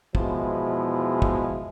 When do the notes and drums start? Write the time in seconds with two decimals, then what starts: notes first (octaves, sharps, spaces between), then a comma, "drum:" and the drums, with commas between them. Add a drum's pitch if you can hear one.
0.15 E2 B2 F3 G#3 E4, drum: kick
1.22 drum: kick